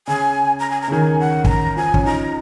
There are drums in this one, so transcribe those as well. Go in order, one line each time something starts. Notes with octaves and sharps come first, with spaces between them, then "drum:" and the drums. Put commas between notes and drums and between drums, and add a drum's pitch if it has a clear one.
C#3 G#5
A#5
G#5
A#5
C#3
D#3 G#5
F#5
G#5, drum: kick
A#5
F3 G#5
C#4, drum: kick
D#4 A#5